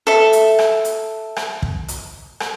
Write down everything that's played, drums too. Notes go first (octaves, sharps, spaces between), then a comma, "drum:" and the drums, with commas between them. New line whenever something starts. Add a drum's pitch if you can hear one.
A4 E5
drum: hi-hat
drum: rim click
drum: hi-hat
drum: rim click
drum: kick
drum: hi-hat
drum: rim click